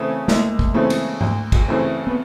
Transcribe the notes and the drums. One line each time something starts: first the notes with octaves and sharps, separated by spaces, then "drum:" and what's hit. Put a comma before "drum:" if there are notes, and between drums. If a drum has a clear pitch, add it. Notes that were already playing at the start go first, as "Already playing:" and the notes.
Already playing: C#3 E3 A3 C4
D2 G#3 A#3, drum: snare
drum: kick
C#3 E3 A3 C4
drum: cymbal
D2, drum: tom G#2
drum: kick, cymbal
C#3 E3 A3 C4
B3